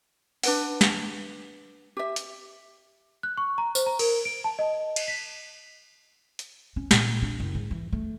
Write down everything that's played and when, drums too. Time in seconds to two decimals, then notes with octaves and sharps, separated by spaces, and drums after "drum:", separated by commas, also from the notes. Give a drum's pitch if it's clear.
0.43 D4 B4 F#5, drum: open hi-hat
0.81 drum: snare
1.97 G4 E5
2.16 drum: hi-hat
3.23 F#6
3.37 C#6
3.58 A#5
3.75 C5, drum: tambourine
3.86 A#5
3.99 A#4, drum: cymbal
4.25 D7
4.44 A5
4.59 D#5
4.96 drum: cymbal
5.08 B6
6.39 drum: hi-hat
6.76 C#4
6.91 A#2, drum: snare
7.22 D4
7.40 F#1
7.55 G#2
7.71 E3
7.92 A3